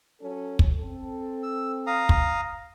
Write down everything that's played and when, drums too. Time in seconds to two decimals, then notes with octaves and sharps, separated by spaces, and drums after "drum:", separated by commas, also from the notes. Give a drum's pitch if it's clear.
0.22 F#3 C#4 A4
0.59 drum: kick
0.79 C4 A4
1.43 E6
1.87 F5 A#5 D#6
2.09 drum: kick